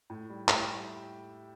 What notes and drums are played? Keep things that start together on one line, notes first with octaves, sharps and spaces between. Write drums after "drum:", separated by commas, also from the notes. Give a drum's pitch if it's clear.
A2
G3
A2 E5 G5, drum: clap
G3